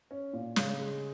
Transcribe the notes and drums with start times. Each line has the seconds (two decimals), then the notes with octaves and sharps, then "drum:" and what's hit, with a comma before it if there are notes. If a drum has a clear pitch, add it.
0.11 C#4
0.33 A#2
0.56 C#3, drum: snare
0.79 G#3